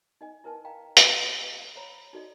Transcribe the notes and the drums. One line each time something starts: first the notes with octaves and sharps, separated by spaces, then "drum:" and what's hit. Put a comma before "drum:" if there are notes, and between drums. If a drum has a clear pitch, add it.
D#4 D#5 G#5
E4 A#4 B4 G#5 A5
D#5 F5 G5 A#5
drum: hi-hat
D#5
C5 C#5 A#5 B5
D#4 F#4 A4 D5 D#5